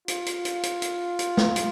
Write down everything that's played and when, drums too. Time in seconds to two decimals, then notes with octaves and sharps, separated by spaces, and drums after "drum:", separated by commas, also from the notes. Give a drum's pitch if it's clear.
0.08 F4, drum: hi-hat
0.26 drum: hi-hat
0.45 drum: hi-hat
0.63 drum: hi-hat
0.82 drum: hi-hat
1.19 drum: hi-hat
1.37 drum: snare
1.56 drum: hi-hat